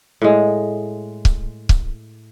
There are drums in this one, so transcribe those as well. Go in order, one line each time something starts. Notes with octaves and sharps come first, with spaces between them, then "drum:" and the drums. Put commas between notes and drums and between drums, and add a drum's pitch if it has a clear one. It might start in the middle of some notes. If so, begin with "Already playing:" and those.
A2 G#3
drum: kick C#1
drum: kick C#1